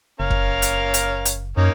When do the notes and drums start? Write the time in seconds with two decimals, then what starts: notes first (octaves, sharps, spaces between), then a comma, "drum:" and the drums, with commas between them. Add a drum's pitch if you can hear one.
0.20 F#1 C#4 A#4 F5
0.30 drum: kick
0.62 drum: hi-hat
0.94 drum: hi-hat
1.25 drum: hi-hat
1.57 F#2 A#3 C#4 D#4